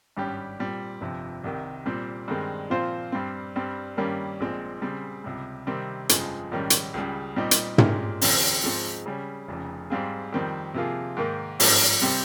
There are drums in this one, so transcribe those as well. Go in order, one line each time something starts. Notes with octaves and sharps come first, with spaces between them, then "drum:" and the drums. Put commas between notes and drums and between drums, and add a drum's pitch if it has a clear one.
G#1 G2 G3 C#4 G4
A#2 G3 C4
G1 F2 C3 F3
C2 C3 D#3
A#2 G3 C4
G2 D#3 G#3 C4
A#2 F3 C4 F4 C5
G2 G3 C4
G2 G3 C4
G2 D#3 G3 A#3 C#4
A#1 A#2 G#3 C4
C#3 G3 C4
C#2 C3 G3
C3 D#3 G3 C4
G1 F2 C#3 F3 G#3, drum: hi-hat
A#1 G#2 D#3 G3 C#4
drum: hi-hat
C#2 C#3 G3
A#2 G3 C4 D#4 G4
drum: hi-hat
A#2 G#3 C#4 G4 A#4, drum: tom
D#2 C#3 F3 C4, drum: open hi-hat
G#2 F3 G#3 C4
C#3 G3 C#4
F1 F2 C#3
G#2 G3 C4 F4 G#4
F2 D#3 G3 C4
C3 F3 A#3 F4 G#4
G#2 D#3 A#3
G#1 G2 F3 A#3 C#4, drum: open hi-hat
C3 G3 C4 G4